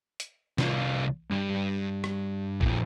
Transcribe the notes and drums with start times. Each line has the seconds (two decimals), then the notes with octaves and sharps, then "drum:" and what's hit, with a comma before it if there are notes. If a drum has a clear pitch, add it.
0.20 drum: hi-hat
0.58 C2 F4, drum: snare
1.30 G2
2.04 drum: rim click
2.61 F2 A#2, drum: kick A#1